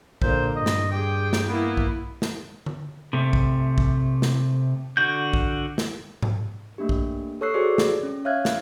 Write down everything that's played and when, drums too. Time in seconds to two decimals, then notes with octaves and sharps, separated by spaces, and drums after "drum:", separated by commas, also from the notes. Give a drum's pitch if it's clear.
0.22 A#2 D3 C5, drum: kick A#1
0.56 G2 D#5
0.66 drum: snare
0.92 G4 G#4 G5
1.33 drum: snare
1.48 A#3 B3 E4
1.77 drum: kick A#1
2.22 drum: snare
2.66 drum: tom D3
3.13 C3 A3
3.33 drum: kick A#1
3.78 drum: kick A#1
4.22 drum: snare
4.97 D3 F#4 G6
5.33 drum: kick A#1
5.78 drum: snare
6.23 drum: tom G#2
6.78 A3 A#3 D4 G4
6.89 drum: kick A#1
7.41 A4 C#5 C#6 E6 F#6 C7
7.54 F#4 G#4 A4 C5 D5
7.78 drum: snare
8.03 C#4
8.25 C#5 E5 F5 F6 F#6 G#6
8.45 drum: snare